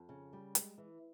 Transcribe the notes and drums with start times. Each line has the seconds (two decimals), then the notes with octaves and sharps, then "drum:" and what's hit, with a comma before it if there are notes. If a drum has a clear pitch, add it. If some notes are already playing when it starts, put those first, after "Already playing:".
Already playing: F2
0.09 C#3
0.33 G3
0.55 G#3, drum: hi-hat
0.78 E3